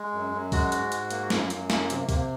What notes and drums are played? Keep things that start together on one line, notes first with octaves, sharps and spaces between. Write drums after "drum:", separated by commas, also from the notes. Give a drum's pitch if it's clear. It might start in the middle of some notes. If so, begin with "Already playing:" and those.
Already playing: G#3
F#2
F#2
G#3 F#4, drum: kick, open hi-hat
G#2, drum: hi-hat
G#2, drum: hi-hat
A#3, drum: hi-hat
F#2, drum: snare
F#2, drum: hi-hat
A#3, drum: snare
C3, drum: hi-hat
C3, drum: kick, open hi-hat